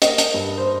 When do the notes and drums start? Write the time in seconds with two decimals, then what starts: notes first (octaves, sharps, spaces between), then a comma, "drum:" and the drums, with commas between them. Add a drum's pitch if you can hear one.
0.02 A#3 D#5, drum: hi-hat
0.18 drum: hi-hat
0.34 G2
0.58 C5